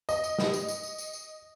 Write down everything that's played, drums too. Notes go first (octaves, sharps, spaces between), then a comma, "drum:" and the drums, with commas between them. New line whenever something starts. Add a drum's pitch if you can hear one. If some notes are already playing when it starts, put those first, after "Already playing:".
D#5, drum: tambourine
drum: tambourine
drum: snare
drum: tambourine
drum: tambourine
drum: tambourine
drum: tambourine
drum: tambourine